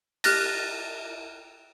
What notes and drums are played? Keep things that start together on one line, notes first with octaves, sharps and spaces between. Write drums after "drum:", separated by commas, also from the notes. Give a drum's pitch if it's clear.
G4 F6 F#6 A6 A#6, drum: cymbal